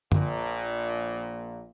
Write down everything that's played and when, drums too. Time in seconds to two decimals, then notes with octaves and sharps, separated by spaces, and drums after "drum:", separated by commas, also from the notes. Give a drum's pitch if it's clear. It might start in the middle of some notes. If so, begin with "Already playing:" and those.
0.12 A#1 A#2, drum: tom F#2